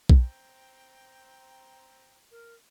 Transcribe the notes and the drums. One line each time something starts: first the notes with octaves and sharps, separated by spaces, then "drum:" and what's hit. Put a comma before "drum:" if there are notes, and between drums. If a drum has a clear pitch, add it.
C4 G5 A#5, drum: kick B1
A#4